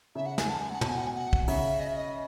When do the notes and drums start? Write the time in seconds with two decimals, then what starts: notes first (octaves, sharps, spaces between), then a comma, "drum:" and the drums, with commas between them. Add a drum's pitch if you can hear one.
0.15 C#3 E5
0.26 F#5
0.38 G#5, drum: snare
0.49 A5
0.59 G#5
0.70 F#5
0.81 B2 A5, drum: tom
0.89 G#5
0.98 F#5
1.07 G#5
1.15 F#5
1.33 drum: kick
1.48 C#3 E5, drum: open hi-hat
1.80 D#5
1.88 E5
1.96 D#5